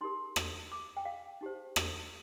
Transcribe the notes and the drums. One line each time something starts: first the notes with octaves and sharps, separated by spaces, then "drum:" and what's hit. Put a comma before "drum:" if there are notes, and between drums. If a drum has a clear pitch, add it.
D#4 G4 A#4 C6
drum: rim click
D6
G5
F5
D#4 G4 C5
drum: rim click